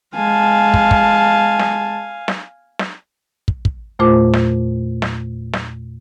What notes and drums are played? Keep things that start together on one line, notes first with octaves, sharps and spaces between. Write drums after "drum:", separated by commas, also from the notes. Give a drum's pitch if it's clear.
G#3 F5 G#5 A5
drum: kick
drum: kick
drum: snare
drum: snare
drum: snare
drum: kick
drum: kick
E2 A#2 A3 F4 C5 D6
drum: snare
drum: snare
drum: snare